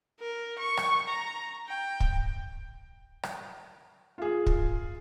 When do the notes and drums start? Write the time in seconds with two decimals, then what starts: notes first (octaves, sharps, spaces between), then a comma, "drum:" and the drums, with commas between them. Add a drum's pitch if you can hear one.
0.20 A#4
0.59 C#6
0.77 drum: rim click
1.08 A#5
1.68 G5
2.00 drum: kick
3.23 drum: rim click
4.18 F4 G#4
4.46 drum: kick